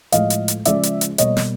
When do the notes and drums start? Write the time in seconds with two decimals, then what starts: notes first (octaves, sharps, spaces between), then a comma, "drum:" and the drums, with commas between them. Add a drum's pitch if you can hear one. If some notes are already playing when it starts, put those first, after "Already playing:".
0.12 A2 F3 G#3 D#5 F5, drum: hi-hat
0.30 drum: hi-hat
0.48 drum: hi-hat
0.65 C#3 F3 G#3 D5 E5, drum: hi-hat
0.83 drum: hi-hat
1.01 drum: hi-hat
1.18 B2 G3 A#3 C#5 D#5, drum: hi-hat
1.37 drum: snare